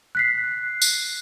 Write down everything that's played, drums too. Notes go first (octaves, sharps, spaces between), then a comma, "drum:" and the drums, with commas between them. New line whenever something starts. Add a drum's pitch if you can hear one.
F#6 B6 C7
drum: tambourine